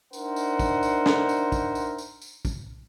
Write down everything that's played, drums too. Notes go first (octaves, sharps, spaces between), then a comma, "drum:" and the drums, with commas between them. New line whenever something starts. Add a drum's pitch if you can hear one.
D4 D#4 A#4 C5 E5 F#5, drum: tambourine
drum: tambourine
drum: kick, tambourine
drum: tambourine
drum: snare
drum: tambourine
drum: kick, tambourine
drum: tambourine
drum: tambourine
drum: tambourine
drum: kick, tambourine